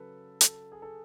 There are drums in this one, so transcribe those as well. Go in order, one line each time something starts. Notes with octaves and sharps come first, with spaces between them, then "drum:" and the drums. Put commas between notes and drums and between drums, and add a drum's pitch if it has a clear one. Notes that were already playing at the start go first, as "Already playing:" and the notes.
Already playing: C#3 F#3 A4 B4
A4, drum: hi-hat
G#4
A4